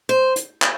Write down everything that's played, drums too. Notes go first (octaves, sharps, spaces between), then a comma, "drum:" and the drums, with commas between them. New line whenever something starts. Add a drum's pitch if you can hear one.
C5
drum: hi-hat
drum: clap